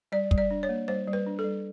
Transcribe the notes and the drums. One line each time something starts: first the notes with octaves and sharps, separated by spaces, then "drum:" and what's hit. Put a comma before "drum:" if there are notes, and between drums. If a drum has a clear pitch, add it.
G3 D5
G3, drum: kick
D5
D4
C#5
A#3
G3 C5
G3
B4
D4
A4
G3